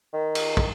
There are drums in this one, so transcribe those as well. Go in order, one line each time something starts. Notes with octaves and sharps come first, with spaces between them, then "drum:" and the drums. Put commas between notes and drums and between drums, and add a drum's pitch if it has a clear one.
D#3
drum: cymbal
drum: kick